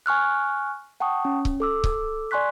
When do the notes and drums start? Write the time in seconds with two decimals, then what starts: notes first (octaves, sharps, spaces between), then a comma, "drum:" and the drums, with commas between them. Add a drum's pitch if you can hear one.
0.06 G#5 C#6 F6 F#6
1.00 F#5 G5 A5 C#6 D#6
1.25 C#4
1.45 drum: kick C#1
1.60 A4 D6 E6
1.84 drum: kick C#1
2.31 D5 G#5 C6 C#6 F#6 B6